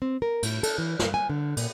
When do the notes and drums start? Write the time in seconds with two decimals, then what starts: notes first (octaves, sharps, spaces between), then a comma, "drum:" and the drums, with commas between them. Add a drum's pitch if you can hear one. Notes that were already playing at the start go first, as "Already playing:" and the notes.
0.02 C4
0.22 A#4
0.43 A2, drum: cymbal
0.63 A4, drum: cymbal
0.78 E3
0.99 G2, drum: snare
1.14 G#5
1.30 D3
1.57 A#2, drum: cymbal